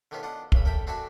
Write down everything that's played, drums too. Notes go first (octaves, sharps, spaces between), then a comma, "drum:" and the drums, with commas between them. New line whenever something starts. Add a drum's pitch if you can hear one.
D3 D#3 B3 C#4 F4
D4 F4 D#5 F#5
A#1 C#3 B5, drum: kick
A4 A#4 E5 G5 B5
C4 D4 F#4 A4 E5 G#5